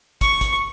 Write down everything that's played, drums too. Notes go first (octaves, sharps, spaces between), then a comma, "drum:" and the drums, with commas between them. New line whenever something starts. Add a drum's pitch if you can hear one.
C#6, drum: kick, hi-hat
drum: kick, hi-hat